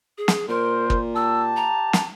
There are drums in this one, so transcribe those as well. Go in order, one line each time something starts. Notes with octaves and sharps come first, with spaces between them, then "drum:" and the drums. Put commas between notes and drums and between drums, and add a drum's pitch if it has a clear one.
G#4
drum: snare
A#2 A#4 C5
drum: kick
G4 A5 E6
A#5
drum: snare